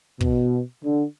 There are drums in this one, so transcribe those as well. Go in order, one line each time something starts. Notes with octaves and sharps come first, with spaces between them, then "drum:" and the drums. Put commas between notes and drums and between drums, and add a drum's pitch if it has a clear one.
B2, drum: kick
D3